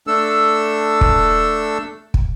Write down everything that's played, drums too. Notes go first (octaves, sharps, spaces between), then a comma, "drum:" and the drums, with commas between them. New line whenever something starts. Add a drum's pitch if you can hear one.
A3 D4 A4 E6
drum: kick
drum: kick